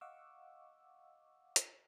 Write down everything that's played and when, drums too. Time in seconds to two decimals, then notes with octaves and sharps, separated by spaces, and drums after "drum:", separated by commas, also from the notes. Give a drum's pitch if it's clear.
0.01 D#5 F5 F#5 C#6 D6 E6
1.56 drum: hi-hat